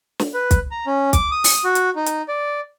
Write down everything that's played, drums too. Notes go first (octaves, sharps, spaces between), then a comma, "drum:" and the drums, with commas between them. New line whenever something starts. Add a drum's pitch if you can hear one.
drum: snare
B4
drum: kick, hi-hat
A#5
C#4
D6, drum: kick, hi-hat
D#6
drum: open hi-hat
F#4
drum: hi-hat
D#4
drum: hi-hat
D5